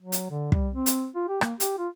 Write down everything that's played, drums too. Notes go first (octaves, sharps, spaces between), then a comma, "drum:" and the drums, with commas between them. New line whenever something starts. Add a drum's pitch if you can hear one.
F#3
drum: hi-hat
D3
G3, drum: kick
C4
drum: hi-hat
F4
G4
A#3, drum: rim click
G4, drum: hi-hat
F4